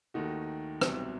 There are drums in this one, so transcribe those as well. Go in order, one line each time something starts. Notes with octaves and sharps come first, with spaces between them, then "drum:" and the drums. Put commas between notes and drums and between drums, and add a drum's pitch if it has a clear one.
D#2 D#3 A3 D#4 F#4
C2 B2 F#3 C4, drum: rim click